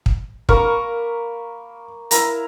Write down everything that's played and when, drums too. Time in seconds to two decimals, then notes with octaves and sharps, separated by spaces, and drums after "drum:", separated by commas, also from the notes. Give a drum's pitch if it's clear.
0.06 drum: kick
0.49 A#3 A#4 B5 C#6, drum: kick
2.11 E4 A#4 A#5, drum: hi-hat